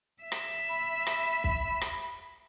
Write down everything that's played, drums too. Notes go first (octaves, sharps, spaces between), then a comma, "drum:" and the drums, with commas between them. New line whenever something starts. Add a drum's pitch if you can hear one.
E5
drum: rim click
B5
drum: rim click
drum: kick
drum: rim click